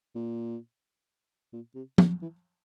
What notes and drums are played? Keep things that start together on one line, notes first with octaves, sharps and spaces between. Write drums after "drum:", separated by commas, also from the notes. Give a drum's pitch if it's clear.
A#2
A#2
C3
D3, drum: tom
E3